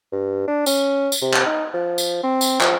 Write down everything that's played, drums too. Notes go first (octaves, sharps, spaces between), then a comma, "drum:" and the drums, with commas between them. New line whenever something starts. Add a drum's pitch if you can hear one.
G2
D4
C#4, drum: tambourine
drum: tambourine
C3
drum: clap
D#4
F3
drum: tambourine
C4
drum: tambourine
F3, drum: clap